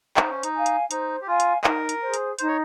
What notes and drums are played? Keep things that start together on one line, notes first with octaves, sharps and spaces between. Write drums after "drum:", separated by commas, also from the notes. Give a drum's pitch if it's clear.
D#4 C5, drum: clap
C#4
D#4, drum: hi-hat
F5 G#5
drum: hi-hat
D#4 C5, drum: hi-hat
G4
F4 F5 G#5
drum: hi-hat
D#4 A#4, drum: clap
drum: hi-hat
G#4 C5
drum: hi-hat
D#4 C5, drum: hi-hat
C#5